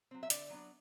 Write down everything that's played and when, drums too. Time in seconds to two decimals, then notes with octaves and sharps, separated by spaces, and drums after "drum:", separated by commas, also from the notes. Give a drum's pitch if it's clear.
0.11 F#3 C4
0.23 E5
0.30 D3 D5, drum: hi-hat
0.50 F#3 B3 D4